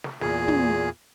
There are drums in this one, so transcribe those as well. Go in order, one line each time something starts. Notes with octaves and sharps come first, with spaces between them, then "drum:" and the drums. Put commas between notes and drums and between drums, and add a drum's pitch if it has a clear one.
drum: snare
E2 A#2 G#4, drum: snare
drum: tom